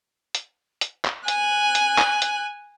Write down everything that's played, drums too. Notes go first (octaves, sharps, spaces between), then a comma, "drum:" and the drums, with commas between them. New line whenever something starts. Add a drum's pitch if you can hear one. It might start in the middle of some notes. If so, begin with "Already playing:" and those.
drum: hi-hat
drum: hi-hat
drum: clap
G#5 F#6, drum: hi-hat
drum: hi-hat
drum: clap
drum: hi-hat